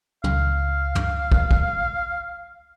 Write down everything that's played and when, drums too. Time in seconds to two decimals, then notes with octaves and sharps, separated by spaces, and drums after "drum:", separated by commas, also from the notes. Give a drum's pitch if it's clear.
0.24 C#2 F5, drum: tom
0.95 drum: tom
1.32 drum: kick
1.51 drum: kick